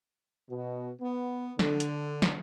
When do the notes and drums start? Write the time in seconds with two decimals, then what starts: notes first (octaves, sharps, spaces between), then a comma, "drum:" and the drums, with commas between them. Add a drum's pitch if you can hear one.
0.51 B2
1.01 B3
1.59 D3, drum: snare
1.80 drum: hi-hat
2.22 drum: snare